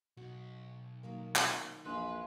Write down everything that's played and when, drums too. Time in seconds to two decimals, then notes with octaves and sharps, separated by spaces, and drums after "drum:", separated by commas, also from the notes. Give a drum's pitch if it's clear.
0.17 B1 F#4
1.03 D#3 F#3 A#3
1.36 drum: clap
1.85 A#1 F2 E3 G#3 B4 F5